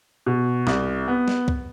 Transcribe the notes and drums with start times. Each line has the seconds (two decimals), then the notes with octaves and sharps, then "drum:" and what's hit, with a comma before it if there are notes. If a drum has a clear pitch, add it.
0.26 B2
0.67 C2, drum: snare
1.08 B3
1.28 drum: snare
1.48 drum: kick